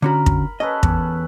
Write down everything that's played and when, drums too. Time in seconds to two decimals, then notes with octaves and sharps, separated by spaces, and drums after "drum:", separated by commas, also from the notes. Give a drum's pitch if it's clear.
0.02 D3 C#4 F#4 A#4 B5
0.26 drum: kick
0.60 C#4 A4 B4 D#5
0.83 E2, drum: kick